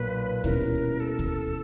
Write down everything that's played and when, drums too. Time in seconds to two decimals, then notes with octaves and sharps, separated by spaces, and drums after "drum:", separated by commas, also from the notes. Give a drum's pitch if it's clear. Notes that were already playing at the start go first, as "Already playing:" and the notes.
Already playing: B1 A#2 F#3 B4
0.44 B2 G3 A#3 C#4 E4 A#4, drum: kick
1.00 A4
1.19 drum: kick